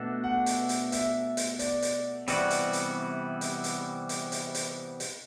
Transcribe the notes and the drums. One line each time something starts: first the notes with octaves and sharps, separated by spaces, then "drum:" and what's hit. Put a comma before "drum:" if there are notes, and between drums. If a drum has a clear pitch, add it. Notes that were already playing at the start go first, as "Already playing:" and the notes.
Already playing: B2 A3 D4 F#4 A4
F#5
drum: hi-hat
drum: hi-hat
E5, drum: hi-hat
drum: hi-hat
D5, drum: hi-hat
drum: hi-hat
C3 E3 G3 B3 F#4 D5, drum: hi-hat
drum: hi-hat
drum: hi-hat
drum: hi-hat
drum: hi-hat
drum: hi-hat
drum: hi-hat
drum: hi-hat
drum: hi-hat